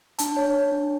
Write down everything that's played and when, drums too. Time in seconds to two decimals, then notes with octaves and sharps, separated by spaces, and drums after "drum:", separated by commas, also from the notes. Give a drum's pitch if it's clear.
0.19 D4 A5, drum: hi-hat
0.37 C#5
0.54 C#5
0.72 D4